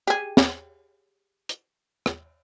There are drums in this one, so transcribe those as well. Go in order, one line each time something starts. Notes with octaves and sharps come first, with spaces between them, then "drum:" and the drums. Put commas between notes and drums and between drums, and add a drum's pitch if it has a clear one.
G4 G#4
drum: snare
drum: hi-hat
drum: rim click